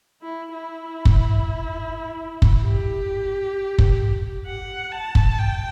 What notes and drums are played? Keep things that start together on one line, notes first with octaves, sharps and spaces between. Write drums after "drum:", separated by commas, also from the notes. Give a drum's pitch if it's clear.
E4
E4
drum: kick
drum: kick
G4
drum: kick
F#5
A5
drum: kick
G5